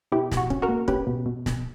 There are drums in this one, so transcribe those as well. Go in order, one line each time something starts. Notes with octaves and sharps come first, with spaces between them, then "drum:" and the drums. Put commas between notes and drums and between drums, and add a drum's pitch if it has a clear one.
B2 E4 G4
B2, drum: snare
F#4
C#4, drum: kick
F#4 A#4
A#3
C#4 G4 B4, drum: kick
B2
B2
B2, drum: snare